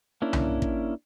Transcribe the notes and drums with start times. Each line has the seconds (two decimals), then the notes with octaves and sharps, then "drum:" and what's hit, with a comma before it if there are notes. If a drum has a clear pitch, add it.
0.22 A#3 C#4 D4 E4
0.33 drum: tom C2
0.62 drum: kick